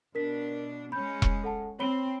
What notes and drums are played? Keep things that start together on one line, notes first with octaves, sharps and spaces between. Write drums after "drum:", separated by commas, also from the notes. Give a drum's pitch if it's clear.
B2 D4 A#4 B6
G#3 C#4 B5 G6
drum: kick E1
A4 F#5 A5
C4 C#5 B5 G7